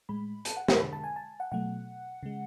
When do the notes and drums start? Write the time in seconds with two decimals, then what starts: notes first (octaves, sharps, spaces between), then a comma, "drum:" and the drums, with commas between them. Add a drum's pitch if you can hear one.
0.09 A2 G#3 B5
0.45 A5, drum: hi-hat
0.57 F#5
0.68 A5, drum: snare
0.80 D3 G#3 B5
0.93 A5
1.04 G#5
1.16 A5
1.40 F#5
1.52 B2 F#3 A3 F#5
2.23 C#3 G#3